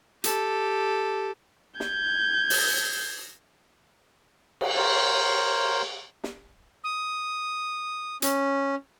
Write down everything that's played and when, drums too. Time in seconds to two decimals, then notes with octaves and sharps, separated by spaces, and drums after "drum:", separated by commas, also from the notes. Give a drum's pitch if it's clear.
0.24 G4 A4, drum: hi-hat
1.80 G6 G#6, drum: snare
2.50 drum: open hi-hat
4.61 drum: cymbal
4.77 A#4 C5 C#5
6.24 drum: snare
6.84 D#6
8.22 C#4, drum: hi-hat